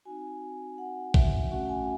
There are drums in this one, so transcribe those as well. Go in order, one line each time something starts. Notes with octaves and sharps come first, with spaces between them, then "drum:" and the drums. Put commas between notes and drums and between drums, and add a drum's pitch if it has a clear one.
C4 D#4 F#4 G#5
F#5
E5, drum: kick
E5
A3 C#4 F#4 F#5
G#5